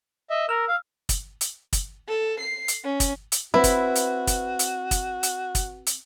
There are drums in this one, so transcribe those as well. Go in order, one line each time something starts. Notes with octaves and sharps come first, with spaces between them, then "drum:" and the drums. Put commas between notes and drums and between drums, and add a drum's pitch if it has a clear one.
D#5 E5
A#4 E6 F6
F5
drum: kick, hi-hat
drum: hi-hat
drum: kick, hi-hat
A4
C7
drum: hi-hat
C#4
drum: kick, hi-hat
drum: hi-hat
C4 E4 F#4 B4
drum: kick, hi-hat
drum: hi-hat
drum: kick, hi-hat
drum: hi-hat
drum: kick, hi-hat
drum: hi-hat
drum: kick, hi-hat
drum: hi-hat